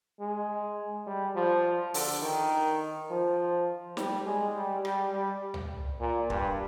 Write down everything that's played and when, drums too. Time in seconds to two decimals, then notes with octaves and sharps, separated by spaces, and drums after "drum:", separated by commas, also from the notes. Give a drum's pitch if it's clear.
0.20 G#3
1.07 G3
1.36 F3
1.94 D3, drum: open hi-hat
2.22 D#3
3.10 F3
3.97 G3, drum: snare
4.26 G#3
4.56 G3
4.85 G3, drum: rim click
5.13 G3
5.54 drum: tom C#2
6.00 A#2
6.30 G2, drum: kick